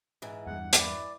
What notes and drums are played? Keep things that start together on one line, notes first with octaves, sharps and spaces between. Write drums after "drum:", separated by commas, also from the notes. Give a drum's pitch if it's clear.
G#2 E3
E2 G2 F#5
E3 D5, drum: hi-hat